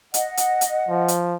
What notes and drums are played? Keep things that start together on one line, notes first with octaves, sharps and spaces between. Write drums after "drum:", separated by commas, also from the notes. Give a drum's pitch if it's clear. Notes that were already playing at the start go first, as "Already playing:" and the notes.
D#5 F#5, drum: hi-hat
drum: hi-hat
drum: hi-hat
F3
drum: hi-hat